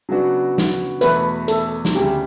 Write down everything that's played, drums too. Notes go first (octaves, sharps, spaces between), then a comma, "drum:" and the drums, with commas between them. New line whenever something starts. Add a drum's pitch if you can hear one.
C#3 F#3 B3 D4 F#4
drum: snare
E2 B2 A3 B4, drum: hi-hat
A4, drum: hi-hat
drum: snare
D2 C#3 G3 G4